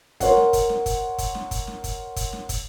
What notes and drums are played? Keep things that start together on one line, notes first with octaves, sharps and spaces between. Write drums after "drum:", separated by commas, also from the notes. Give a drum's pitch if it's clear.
A#4 C5 C#5 F#5, drum: kick, hi-hat
drum: snare
drum: kick, hi-hat
drum: snare
drum: kick, hi-hat
drum: kick, hi-hat
drum: snare
drum: kick, hi-hat
drum: snare
drum: kick, hi-hat
drum: kick, hi-hat
drum: snare
drum: kick, hi-hat